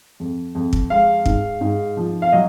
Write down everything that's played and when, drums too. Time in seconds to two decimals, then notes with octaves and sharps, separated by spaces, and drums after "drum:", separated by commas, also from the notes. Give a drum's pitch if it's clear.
0.20 F2
0.55 F2
0.73 drum: kick
0.90 G#3 F5
1.26 G#2, drum: kick
1.61 G#2
1.97 F3
2.22 F5
2.32 F#3 D#5